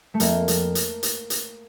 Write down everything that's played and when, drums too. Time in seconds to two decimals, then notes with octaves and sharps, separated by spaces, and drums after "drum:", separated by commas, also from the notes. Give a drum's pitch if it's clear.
0.14 A3
0.20 F2 A#3, drum: hi-hat
0.48 F2, drum: hi-hat
0.75 drum: hi-hat
1.03 drum: hi-hat
1.30 drum: hi-hat